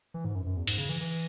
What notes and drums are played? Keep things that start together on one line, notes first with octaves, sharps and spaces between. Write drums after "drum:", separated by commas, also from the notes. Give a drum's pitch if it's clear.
E3
G#2
F#2
F#2
E2
G#2, drum: cymbal
C#3
E3
E3